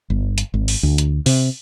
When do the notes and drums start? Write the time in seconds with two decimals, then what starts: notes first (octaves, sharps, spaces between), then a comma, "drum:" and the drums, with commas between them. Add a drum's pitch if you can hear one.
0.10 G1
0.38 drum: hi-hat
0.54 G#1
0.68 drum: open hi-hat
0.83 D2
0.98 drum: hi-hat
1.26 C3, drum: open hi-hat